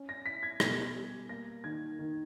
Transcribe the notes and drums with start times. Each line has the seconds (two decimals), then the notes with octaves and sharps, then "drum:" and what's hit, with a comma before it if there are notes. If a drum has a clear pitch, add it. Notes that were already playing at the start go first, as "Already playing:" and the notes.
Already playing: C#4
0.09 A#6
0.26 E4 B6
0.43 G#6
0.60 B2 G#6, drum: rim click
0.95 G3
1.29 A#3 A#6
1.64 D#3 G#6
1.99 D#3